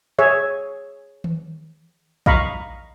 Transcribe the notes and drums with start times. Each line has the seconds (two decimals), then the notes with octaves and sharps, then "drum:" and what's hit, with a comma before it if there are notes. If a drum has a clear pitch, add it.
0.19 G#4 C#5 E5
1.24 drum: tom D#3
2.26 D#5 F5 A#5 B5 C#6, drum: kick A#1